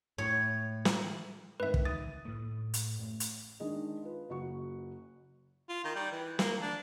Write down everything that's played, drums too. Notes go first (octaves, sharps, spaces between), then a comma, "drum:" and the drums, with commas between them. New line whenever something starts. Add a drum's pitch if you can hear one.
A2 C#5
drum: snare
G#2 D#3 B4 E5
drum: kick
D#6 A6 D#7
A2 A3
drum: hi-hat
A1
drum: hi-hat
D#3 G#3 D4 G#4 D#5
F4 B4
F#1 F#4 F#5 C#6
F4
D#3
G3
E3
A#3, drum: snare
D4